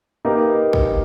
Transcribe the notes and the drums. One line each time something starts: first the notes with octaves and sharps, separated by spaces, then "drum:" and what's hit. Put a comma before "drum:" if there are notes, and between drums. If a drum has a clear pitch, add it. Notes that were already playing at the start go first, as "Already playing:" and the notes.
A#3 D#4 G4 B4
drum: kick